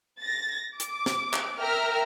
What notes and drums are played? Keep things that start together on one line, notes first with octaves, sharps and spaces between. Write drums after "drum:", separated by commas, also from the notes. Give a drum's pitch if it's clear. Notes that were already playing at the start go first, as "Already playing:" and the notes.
A6 A#6
D6, drum: hi-hat
drum: snare
drum: clap
A#4 E5 G5 A#5 F6